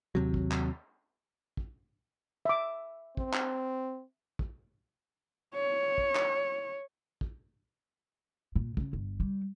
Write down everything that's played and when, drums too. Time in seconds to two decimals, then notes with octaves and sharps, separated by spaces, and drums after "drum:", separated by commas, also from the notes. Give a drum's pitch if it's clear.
0.15 D#2 C3 F#3
0.34 drum: kick
0.52 drum: clap
1.57 drum: kick
2.45 E5 D6
3.17 C4, drum: kick
3.34 drum: clap
4.39 drum: kick
5.55 C#5
5.98 drum: kick
6.15 drum: clap
7.21 drum: kick
8.56 A#2
8.77 C#3, drum: kick
8.93 G1
9.20 G3